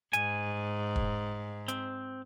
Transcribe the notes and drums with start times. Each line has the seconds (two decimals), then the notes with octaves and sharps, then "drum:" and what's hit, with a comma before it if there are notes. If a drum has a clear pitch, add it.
0.13 G#2 G#5, drum: hi-hat
0.96 drum: kick
1.68 C4, drum: hi-hat